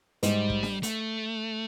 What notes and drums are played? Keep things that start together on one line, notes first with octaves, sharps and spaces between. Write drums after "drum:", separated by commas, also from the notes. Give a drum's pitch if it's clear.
G#2 G3, drum: hi-hat
drum: kick
drum: snare D4
A3, drum: hi-hat